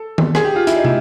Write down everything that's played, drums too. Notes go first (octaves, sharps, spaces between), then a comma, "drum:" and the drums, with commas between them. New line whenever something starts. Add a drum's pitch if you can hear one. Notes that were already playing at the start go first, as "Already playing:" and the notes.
Already playing: A4
drum: tom D#3
G#4, drum: rim click
G4
F4
E4, drum: hi-hat
D#4
E4, drum: tom